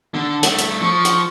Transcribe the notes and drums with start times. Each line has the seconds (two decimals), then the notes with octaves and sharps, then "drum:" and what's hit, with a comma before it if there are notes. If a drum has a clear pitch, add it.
0.14 D3
0.43 G2 A3, drum: hi-hat
0.59 drum: hi-hat
0.81 F3 C#6
1.05 drum: hi-hat